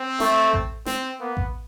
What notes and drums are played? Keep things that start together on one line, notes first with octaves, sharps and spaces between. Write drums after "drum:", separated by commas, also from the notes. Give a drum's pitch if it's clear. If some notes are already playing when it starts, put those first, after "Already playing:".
Already playing: C4
A3, drum: snare
drum: kick A1
C4, drum: snare
A#3 B3
drum: kick A1